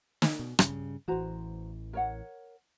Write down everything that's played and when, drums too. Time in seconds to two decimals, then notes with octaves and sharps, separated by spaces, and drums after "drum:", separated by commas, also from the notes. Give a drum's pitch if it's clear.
0.22 drum: snare
0.39 B2
0.59 G2 C#3, drum: rim click
1.08 A1 E3 F#4 C5 A#5
1.93 A#4 C#5 F#5